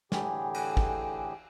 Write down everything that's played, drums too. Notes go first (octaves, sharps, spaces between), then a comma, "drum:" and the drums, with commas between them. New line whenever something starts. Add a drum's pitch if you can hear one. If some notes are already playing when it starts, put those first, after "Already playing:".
A2 D3 E3 G4 G#4, drum: snare
drum: cymbal
drum: kick G#1